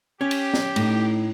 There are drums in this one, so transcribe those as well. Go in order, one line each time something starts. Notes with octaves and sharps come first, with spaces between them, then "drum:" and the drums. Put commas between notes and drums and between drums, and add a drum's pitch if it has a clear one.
C#4 G4
drum: cymbal
drum: snare
A2 A3 D#4, drum: cymbal